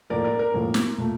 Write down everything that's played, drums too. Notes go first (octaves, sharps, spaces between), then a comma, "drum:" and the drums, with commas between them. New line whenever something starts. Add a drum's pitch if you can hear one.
A2 F3 A#3 A#4 D5
A#4 D5
A#4
A2 F3 A#3
drum: snare
A#2 A3